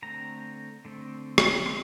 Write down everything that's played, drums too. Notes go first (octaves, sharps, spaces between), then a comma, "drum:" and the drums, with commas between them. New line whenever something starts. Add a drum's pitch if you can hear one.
D3 A3 C4 A#5
D3 A3 C4
drum: rim click
C4 C6